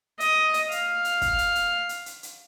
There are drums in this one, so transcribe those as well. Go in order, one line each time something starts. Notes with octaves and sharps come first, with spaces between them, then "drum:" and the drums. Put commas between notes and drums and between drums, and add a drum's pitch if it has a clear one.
D#5, drum: hi-hat
drum: hi-hat
F5, drum: hi-hat
drum: hi-hat
drum: kick, hi-hat
drum: hi-hat
drum: hi-hat
drum: hi-hat
drum: hi-hat
drum: hi-hat